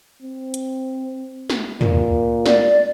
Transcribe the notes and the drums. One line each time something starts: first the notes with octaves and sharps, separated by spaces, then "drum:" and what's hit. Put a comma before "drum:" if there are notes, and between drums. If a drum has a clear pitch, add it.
C4
drum: hi-hat
drum: snare
A#2, drum: tom
D5, drum: snare